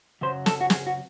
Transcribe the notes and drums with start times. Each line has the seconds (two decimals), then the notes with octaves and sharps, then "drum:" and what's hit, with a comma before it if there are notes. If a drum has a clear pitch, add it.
0.21 F#2 C#3 F#3 C5
0.46 A4, drum: snare
0.61 F#4
0.70 G#4, drum: snare
0.87 F#4